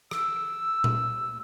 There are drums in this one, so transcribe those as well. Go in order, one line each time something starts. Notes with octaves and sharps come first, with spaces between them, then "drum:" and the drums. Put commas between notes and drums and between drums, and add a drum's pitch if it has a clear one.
E6, drum: rim click
drum: tom A#2